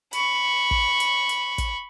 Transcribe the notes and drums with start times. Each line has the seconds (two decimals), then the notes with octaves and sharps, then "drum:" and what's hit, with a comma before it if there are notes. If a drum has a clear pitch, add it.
0.13 B5 C#6, drum: hi-hat
0.71 drum: kick
1.00 drum: hi-hat
1.29 drum: hi-hat
1.58 drum: kick, hi-hat